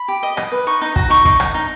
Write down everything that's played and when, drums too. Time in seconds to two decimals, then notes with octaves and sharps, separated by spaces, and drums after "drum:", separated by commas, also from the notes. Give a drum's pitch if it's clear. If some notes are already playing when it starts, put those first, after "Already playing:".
Already playing: B5
0.08 G4
0.23 D#5
0.37 D#5, drum: rim click
0.52 B4
0.67 D#4 C#6
0.81 D#4
0.96 F#4, drum: kick
1.10 D#4 C#6
1.25 D#4, drum: kick
1.40 D#4, drum: rim click
1.54 D#4